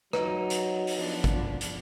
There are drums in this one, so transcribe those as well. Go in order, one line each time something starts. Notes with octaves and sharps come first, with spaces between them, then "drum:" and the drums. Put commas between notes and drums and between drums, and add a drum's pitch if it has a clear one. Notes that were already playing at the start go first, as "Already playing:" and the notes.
F#3 D#4 B4, drum: rim click
drum: hi-hat
drum: open hi-hat
F3 B3 D4
drum: kick, hi-hat
drum: hi-hat